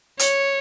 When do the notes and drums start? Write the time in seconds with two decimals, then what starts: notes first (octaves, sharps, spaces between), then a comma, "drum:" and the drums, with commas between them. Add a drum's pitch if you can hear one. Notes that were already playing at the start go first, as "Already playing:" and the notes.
0.19 C#5, drum: hi-hat